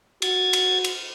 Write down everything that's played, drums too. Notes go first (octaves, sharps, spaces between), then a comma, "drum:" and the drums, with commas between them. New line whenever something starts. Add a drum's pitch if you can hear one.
F#4 G#6 A6, drum: cymbal
drum: cymbal
drum: cymbal